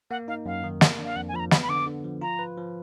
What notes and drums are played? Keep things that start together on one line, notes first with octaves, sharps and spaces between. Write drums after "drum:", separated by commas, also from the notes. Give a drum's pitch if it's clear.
A#3 F#5
D#4 F5
F#2 F5
D#3
A#3, drum: snare
D4
F5
F2 F#5
G#5
F3 B5
A#5
B3 B5, drum: snare
B5
D3 D6
D3
F3
F4 A#5
B4
F3